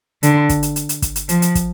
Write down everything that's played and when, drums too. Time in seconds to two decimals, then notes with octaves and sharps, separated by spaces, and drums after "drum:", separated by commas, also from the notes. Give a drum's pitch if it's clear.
0.23 D3, drum: hi-hat
0.49 drum: kick, hi-hat
0.63 drum: hi-hat
0.76 drum: hi-hat
0.89 drum: hi-hat
1.02 drum: kick, hi-hat
1.16 drum: hi-hat
1.29 F3, drum: hi-hat
1.42 drum: hi-hat
1.55 drum: kick, hi-hat